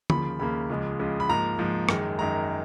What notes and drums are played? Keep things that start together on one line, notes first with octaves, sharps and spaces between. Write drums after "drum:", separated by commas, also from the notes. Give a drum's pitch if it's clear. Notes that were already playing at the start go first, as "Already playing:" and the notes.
D#2 C#3 F3 A#3 B5, drum: tom D3
D#2 C#3 F3 A#3 B5
C#2 C#3 F3 G#3
C#2 C#3 F3 G#3
B5
G#2 F3 A#3 A#5
G#2 F3 A#3
F#2 D#3 G#3, drum: rim click
F#2 D#3 G#3 A#5